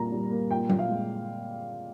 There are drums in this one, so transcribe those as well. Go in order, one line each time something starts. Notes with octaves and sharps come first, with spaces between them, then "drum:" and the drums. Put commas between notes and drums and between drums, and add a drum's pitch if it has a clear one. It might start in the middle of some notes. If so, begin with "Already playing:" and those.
Already playing: A#2 G3 A#3 A#5
G3
A#3
A#2 G5
A#2, drum: tom F#3
F5
G#3